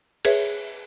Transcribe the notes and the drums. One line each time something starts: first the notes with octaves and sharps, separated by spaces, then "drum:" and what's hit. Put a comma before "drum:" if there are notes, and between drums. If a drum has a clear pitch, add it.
G#4 B4 C#5 E5, drum: cymbal